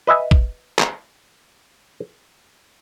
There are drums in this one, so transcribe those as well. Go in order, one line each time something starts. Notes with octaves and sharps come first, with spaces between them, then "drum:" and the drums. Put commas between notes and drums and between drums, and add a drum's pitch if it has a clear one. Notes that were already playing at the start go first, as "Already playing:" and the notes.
B4 D#5 E5 G#5
drum: kick A1
drum: clap